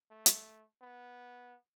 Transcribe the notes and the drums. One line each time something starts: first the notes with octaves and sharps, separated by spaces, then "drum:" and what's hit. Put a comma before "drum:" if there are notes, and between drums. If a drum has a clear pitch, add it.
A3
drum: hi-hat
B3